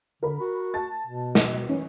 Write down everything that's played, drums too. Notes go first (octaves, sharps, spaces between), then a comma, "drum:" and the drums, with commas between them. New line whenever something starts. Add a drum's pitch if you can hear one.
D3 A#4 B5
F#4
A5 A6
B2
drum: snare
E3 C#4